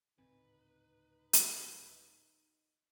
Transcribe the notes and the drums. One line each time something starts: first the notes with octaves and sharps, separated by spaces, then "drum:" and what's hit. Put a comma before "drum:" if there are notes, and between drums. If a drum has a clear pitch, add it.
D1 G#2 C#3 C4 D#4 B4
drum: hi-hat